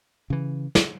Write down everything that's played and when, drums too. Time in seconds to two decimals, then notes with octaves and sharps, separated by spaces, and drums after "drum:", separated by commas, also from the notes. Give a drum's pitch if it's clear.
0.30 C#3 E3
0.75 drum: snare